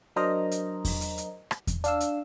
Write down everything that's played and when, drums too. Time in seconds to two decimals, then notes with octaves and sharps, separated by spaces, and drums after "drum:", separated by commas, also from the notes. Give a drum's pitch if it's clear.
0.16 F#3 D4 A#4 C5 D#5 A#5
0.51 drum: hi-hat
0.85 drum: kick E2, open hi-hat
1.01 drum: hi-hat
1.18 drum: hi-hat
1.51 drum: rim click
1.67 drum: kick E2, hi-hat
1.84 D4 F5 E6, drum: hi-hat
2.00 drum: hi-hat